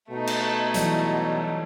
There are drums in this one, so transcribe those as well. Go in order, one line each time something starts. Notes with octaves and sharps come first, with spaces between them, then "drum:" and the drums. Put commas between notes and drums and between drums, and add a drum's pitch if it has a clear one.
B2 A3 D#4
drum: cymbal
E3 F#3 G3, drum: hi-hat